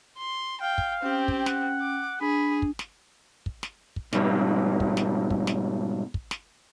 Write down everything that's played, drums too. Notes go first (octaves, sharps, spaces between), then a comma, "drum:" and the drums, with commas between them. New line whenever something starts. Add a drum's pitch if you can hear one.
C6
F5 G5
drum: kick
C4 C#4 G4 G5
drum: kick
F#5, drum: snare
D6
D4 G#4 B5
drum: kick
drum: snare
drum: kick
drum: snare
drum: kick
G#2 B2 G3, drum: snare
drum: kick
drum: snare
drum: kick
drum: snare
drum: kick
drum: snare